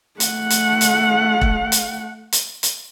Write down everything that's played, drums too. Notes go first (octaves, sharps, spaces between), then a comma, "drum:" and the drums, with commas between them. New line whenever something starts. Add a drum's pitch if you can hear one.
A3 F#5, drum: hi-hat
drum: hi-hat
drum: hi-hat
drum: kick E1
drum: hi-hat
drum: hi-hat
drum: hi-hat